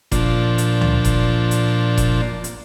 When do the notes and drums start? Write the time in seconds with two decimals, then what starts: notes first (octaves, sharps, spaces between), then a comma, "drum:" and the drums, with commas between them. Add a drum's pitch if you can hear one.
0.12 A#2 F3 D4, drum: kick F1, hi-hat
0.58 drum: hi-hat
0.81 drum: tom C#2
1.05 drum: kick F1, hi-hat
1.51 drum: hi-hat
1.97 drum: kick F1, hi-hat
2.44 drum: hi-hat